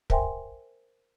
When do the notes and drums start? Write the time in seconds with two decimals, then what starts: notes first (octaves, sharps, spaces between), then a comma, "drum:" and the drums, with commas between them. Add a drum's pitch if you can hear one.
0.10 A#4 C5 E5 G5 G#5 C6, drum: kick